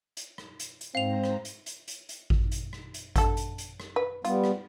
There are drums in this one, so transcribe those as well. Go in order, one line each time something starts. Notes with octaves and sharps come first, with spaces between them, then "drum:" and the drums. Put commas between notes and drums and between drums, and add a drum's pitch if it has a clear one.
drum: hi-hat
drum: rim click
drum: hi-hat
drum: hi-hat
G#2 C4 C5 F5 A#5 F7
drum: rim click
drum: hi-hat
drum: hi-hat
drum: hi-hat
drum: hi-hat
drum: kick G#1
drum: hi-hat
drum: rim click
drum: hi-hat
D3 A4, drum: kick G#1, hi-hat
drum: hi-hat
drum: hi-hat
drum: rim click
B4
G3 B3 F4, drum: hi-hat
drum: rim click